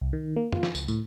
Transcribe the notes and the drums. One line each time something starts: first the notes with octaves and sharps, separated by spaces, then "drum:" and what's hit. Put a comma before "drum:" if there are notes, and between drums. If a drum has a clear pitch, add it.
C2
D#3
A#3
F4, drum: tom
drum: snare
C#2, drum: tambourine
A2, drum: tambourine